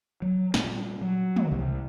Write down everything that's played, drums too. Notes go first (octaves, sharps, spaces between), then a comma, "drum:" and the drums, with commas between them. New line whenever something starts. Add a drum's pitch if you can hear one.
F#3
A#2 G3 C4, drum: snare
F#3
drum: tom
C2 C3